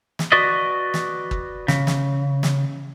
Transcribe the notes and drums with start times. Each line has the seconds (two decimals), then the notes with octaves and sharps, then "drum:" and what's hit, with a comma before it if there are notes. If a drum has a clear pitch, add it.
0.19 drum: snare
0.32 F#4 B4 D5 D#5
0.94 drum: snare
1.31 drum: kick
1.68 C#3, drum: snare
1.87 drum: snare
2.43 drum: snare